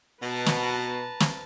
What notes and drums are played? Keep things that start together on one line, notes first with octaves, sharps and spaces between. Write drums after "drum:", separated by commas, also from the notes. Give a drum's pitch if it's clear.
B2 B4 A5 A#5
drum: snare
drum: snare